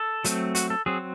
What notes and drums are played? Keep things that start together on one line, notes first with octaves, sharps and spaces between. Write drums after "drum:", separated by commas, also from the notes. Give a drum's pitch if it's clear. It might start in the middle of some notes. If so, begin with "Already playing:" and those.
Already playing: A4
F#3 A3 C4, drum: hi-hat
F#4, drum: hi-hat
A4
F#3 C4 G#4